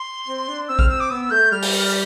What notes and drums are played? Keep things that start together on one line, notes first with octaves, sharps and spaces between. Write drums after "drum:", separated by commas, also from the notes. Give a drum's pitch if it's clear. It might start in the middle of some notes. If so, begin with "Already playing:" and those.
Already playing: C6
C4
D4
C4 E6
F6, drum: kick A#1
E6
D6
B3 E6
A3 G6
G3 F6
drum: open hi-hat